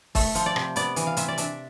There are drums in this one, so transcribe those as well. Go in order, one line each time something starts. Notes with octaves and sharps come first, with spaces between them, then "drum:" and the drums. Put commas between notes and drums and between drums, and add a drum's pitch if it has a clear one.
A3 E5, drum: kick, open hi-hat
F3, drum: hi-hat
D5
C3, drum: rim click
B3 D5, drum: hi-hat
E3, drum: hi-hat
F5
C3 E5, drum: hi-hat
D5
D4 E5, drum: hi-hat